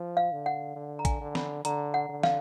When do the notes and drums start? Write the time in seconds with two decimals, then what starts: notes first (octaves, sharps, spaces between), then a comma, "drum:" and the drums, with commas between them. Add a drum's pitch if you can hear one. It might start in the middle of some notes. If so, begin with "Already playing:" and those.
Already playing: F3
0.17 F5
0.32 D3
0.46 F#5
0.76 D3
0.99 A#5
1.05 G#5, drum: kick, hi-hat
1.21 D3
1.35 B5, drum: snare
1.65 D3 A#5, drum: hi-hat
1.94 F#5
2.09 D3
2.23 F5, drum: snare